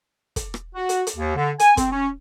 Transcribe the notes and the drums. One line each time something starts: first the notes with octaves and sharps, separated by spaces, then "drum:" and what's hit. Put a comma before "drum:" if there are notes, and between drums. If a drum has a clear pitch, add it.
drum: kick, hi-hat
drum: rim click
F#4
drum: hi-hat
drum: hi-hat
D#2
D3
G#5, drum: hi-hat
C4, drum: kick, hi-hat
C#4